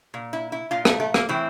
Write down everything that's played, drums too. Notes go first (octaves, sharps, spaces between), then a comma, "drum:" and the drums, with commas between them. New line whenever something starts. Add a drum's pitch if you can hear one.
A#2
E4
E4
A#2 F4
A3, drum: rim click
A3
A#3, drum: rim click
A2 E3 C4